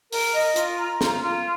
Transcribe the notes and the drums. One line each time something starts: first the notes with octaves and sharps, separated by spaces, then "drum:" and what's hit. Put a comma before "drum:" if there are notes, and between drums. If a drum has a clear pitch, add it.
A#4, drum: open hi-hat
D#5
F4, drum: hi-hat
A#5
F4, drum: snare
F4